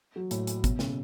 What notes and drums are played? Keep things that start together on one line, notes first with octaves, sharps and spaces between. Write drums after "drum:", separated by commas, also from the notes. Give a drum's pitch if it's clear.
F#3
A2, drum: hi-hat
drum: hi-hat
B2, drum: kick, hi-hat
C#3, drum: snare